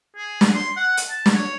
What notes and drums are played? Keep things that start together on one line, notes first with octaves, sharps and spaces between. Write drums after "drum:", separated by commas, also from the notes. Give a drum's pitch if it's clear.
G#4
drum: snare
C6
F#5
drum: hi-hat
A5
drum: snare
C#5